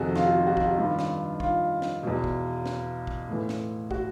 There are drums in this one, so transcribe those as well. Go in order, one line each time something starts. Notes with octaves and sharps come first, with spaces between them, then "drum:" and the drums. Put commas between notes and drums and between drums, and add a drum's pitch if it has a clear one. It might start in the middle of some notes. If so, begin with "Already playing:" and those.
Already playing: F2 C3 D#3 F#4 G#4 A4
F4, drum: snare
F#4
F4
F#4
F4, drum: kick
F#4
G2 D#3 F4
drum: snare
F4, drum: kick
drum: snare
E2 B2
drum: kick
drum: snare
drum: kick
A2 E3
drum: snare
F#4, drum: kick